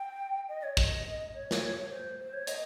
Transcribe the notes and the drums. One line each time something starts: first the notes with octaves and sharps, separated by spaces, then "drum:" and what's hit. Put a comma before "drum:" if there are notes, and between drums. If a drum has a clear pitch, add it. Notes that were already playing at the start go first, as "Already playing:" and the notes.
Already playing: G5
D#5
C#5
D#5, drum: kick
C#5
drum: snare
C#5
C5
C5
C#5
D#5, drum: hi-hat